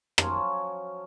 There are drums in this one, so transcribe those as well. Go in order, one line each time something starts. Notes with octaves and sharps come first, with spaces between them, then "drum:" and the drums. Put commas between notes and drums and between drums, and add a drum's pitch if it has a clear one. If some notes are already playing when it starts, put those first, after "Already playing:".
F3 F#3 C#4, drum: rim click